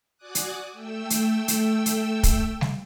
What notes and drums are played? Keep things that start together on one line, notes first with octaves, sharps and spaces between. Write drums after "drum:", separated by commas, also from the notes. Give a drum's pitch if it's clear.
F#4 D5 G#5 D6 D#6 F#6
drum: hi-hat
A3 G5 E6
drum: hi-hat
drum: hi-hat
drum: hi-hat
drum: kick, hi-hat
drum: snare G3